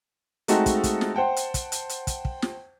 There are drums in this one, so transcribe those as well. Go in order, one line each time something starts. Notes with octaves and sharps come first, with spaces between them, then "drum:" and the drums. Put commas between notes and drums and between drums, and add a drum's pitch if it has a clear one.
G#3 A3 C4 D#4 F#4 A4, drum: hi-hat
drum: kick, hi-hat
drum: kick, hi-hat
drum: snare
C5 F#5 G5 A5
drum: hi-hat
drum: kick, hi-hat
drum: hi-hat
drum: hi-hat
drum: kick, hi-hat
drum: kick
drum: snare